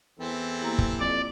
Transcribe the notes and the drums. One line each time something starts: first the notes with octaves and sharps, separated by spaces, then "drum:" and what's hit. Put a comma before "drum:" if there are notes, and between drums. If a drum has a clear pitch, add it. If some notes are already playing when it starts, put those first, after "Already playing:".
E2 E3 C4 A4
A#3 E4 G4
drum: kick
F2 D5